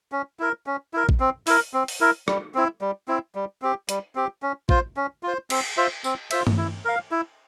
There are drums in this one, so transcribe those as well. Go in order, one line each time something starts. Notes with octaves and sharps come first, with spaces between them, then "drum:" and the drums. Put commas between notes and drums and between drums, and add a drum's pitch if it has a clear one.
C#4
E4 A#4
C#4
E4 A#4
drum: kick
C4
E4 A#4, drum: open hi-hat
C4
drum: open hi-hat
E4 A#4
G3, drum: rim click
C4 E4
G3
C4 E4
G3
C4 G4
G3, drum: hi-hat
C4 G4
C#4
F4 C5, drum: kick
C#4
F4 C5
C4, drum: cymbal
F4 C5 E5
C4, drum: tambourine
F4 C5 E5, drum: cymbal
drum: tom G2
E4
A#4 F5
E4